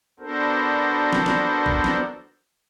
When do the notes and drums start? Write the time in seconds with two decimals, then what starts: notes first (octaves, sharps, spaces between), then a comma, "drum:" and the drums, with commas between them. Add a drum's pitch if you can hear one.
0.19 B3 D4 F#4 A4 A#4 C5
1.13 drum: snare
1.26 drum: snare
1.66 drum: kick
1.84 drum: snare